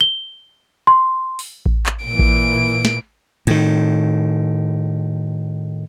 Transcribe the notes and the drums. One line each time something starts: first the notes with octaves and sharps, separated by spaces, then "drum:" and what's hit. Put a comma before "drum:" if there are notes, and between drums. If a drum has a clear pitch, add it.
G7
C6
drum: open hi-hat
drum: kick A1
drum: clap
A#2 E3 D7
drum: kick A1
drum: snare
A2 D#3, drum: cymbal